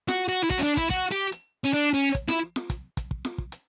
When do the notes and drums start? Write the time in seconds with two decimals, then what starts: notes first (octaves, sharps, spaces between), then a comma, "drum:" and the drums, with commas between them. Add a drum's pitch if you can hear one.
0.09 F#4, drum: snare F4
0.29 F#4
0.44 E4
0.50 F#4, drum: kick, hi-hat
0.59 C#4
0.63 D4
0.77 E4, drum: kick, hi-hat
0.90 F#4, drum: kick
1.12 G4
1.32 drum: hi-hat
1.65 C#4
1.74 D4
1.94 C#4
2.15 drum: kick, hi-hat
2.29 E4, drum: snare F4
2.56 drum: snare F4
2.70 drum: kick, hi-hat
2.97 drum: kick, hi-hat
3.11 drum: kick
3.25 drum: snare F4
3.38 drum: kick
3.52 drum: hi-hat